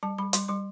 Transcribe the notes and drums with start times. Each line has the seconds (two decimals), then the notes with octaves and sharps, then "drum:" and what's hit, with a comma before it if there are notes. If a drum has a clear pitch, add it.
0.03 G3 A5
0.18 G3 B5
0.33 G3 C6, drum: hi-hat
0.48 G3 C6